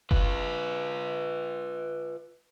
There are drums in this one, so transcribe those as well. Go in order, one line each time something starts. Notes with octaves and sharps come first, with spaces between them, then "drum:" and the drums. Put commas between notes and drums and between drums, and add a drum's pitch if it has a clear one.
F4 B4, drum: kick F#1